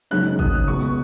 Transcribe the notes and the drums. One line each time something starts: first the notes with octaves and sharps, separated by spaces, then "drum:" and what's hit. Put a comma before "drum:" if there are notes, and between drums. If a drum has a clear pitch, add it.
F#1 F#2 D#3 G#3 C#4 F#6
D#6, drum: kick
C#2 B2 G#3 C#6